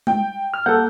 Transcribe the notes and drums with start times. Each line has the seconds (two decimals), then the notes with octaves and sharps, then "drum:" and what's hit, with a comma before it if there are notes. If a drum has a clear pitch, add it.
0.07 G5, drum: tom G#3
0.54 F6
0.66 A#3 A4 F#5 G6